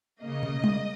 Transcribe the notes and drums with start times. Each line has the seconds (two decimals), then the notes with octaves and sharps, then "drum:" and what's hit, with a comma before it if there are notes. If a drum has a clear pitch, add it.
0.22 C#3 A#3 D#5
0.43 drum: tom
0.64 drum: tom G3